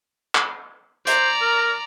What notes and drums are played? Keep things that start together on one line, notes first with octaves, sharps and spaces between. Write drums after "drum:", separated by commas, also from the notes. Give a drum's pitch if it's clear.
drum: clap
C5 D5 A#5, drum: hi-hat
A#4